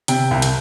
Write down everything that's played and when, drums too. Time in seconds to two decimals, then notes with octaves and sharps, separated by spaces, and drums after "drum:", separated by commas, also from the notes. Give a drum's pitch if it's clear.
0.08 C3 G5, drum: hi-hat
0.31 C2
0.42 drum: hi-hat